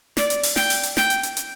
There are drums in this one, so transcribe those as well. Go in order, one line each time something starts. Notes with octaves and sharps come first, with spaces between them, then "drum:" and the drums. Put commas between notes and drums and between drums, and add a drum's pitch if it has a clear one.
D5, drum: snare
drum: hi-hat
drum: open hi-hat
G5, drum: snare
drum: open hi-hat
drum: hi-hat
G5, drum: snare
drum: hi-hat
drum: hi-hat
drum: hi-hat